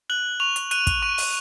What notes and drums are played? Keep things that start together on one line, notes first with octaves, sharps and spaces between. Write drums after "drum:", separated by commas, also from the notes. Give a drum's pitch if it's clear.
F#6 F#7
C#6 F7
drum: hi-hat
F#6 D#7, drum: hi-hat
drum: kick, hi-hat
C#6 D#7
drum: open hi-hat